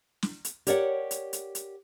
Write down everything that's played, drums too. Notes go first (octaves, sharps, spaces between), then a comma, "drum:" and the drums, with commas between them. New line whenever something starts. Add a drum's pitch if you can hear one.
drum: snare
drum: hi-hat
G4 A#4 C#5 D5 E5 F#5, drum: hi-hat
drum: hi-hat
drum: hi-hat
drum: hi-hat